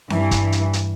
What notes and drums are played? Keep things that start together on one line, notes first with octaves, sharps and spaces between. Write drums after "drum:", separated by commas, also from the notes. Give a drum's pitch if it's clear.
G2 E3, drum: snare C4
drum: kick, hi-hat
drum: hi-hat
drum: hi-hat